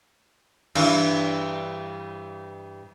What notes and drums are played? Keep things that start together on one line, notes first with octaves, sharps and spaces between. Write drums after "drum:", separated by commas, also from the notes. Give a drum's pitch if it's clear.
G2 E3 E4, drum: cymbal